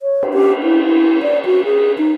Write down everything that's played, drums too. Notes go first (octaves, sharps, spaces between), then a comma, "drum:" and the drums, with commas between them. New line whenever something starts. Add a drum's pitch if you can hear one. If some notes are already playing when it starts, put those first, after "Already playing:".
C#5
drum: cymbal
G4
E4
E4
D5
F#4
G#4
D#4